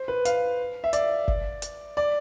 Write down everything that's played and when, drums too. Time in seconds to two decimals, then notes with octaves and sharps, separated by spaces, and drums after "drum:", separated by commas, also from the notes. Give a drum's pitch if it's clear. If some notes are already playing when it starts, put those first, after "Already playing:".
Already playing: C5
0.08 B4
0.25 F5, drum: hi-hat
0.84 E5
0.93 D5, drum: hi-hat
1.28 drum: kick G1
1.62 drum: hi-hat
1.97 D5